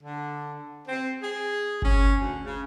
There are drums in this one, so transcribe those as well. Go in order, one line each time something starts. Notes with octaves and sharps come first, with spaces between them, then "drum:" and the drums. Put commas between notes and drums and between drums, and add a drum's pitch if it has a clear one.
D3
C4
G#4
C#4, drum: kick G1
D2
C#3